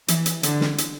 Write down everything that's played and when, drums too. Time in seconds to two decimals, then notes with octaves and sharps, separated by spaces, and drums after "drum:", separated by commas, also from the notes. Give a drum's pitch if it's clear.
0.08 E3, drum: hi-hat
0.26 drum: hi-hat
0.43 D3, drum: hi-hat
0.61 drum: snare
0.78 drum: hi-hat